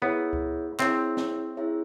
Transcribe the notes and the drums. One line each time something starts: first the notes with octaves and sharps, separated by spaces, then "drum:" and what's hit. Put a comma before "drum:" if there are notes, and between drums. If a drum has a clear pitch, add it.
B3 E4 G#4 C#5 E5
drum: kick C#2
C4 E4 G#4 C#5 E5, drum: clap
drum: snare
E4 G#4 C#5 E5